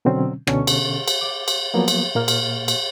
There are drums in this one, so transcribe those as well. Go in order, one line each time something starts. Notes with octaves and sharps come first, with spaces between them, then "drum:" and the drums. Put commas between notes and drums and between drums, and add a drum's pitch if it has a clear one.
B2 D3 F#3 C4 C#4
B2 D3 C#4 A4 C#6, drum: rim click
drum: cymbal
drum: cymbal
D6
drum: cymbal
F3 F#3 A#3 B3
drum: cymbal
A#2 A#3 F6
drum: cymbal
drum: cymbal